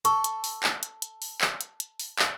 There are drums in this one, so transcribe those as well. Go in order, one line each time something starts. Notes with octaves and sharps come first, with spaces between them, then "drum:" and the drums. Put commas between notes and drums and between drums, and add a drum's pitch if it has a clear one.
A4 C#6, drum: hi-hat
drum: hi-hat
drum: open hi-hat
drum: clap
drum: hi-hat
drum: hi-hat
drum: open hi-hat
drum: clap
drum: hi-hat
drum: hi-hat
drum: open hi-hat
drum: clap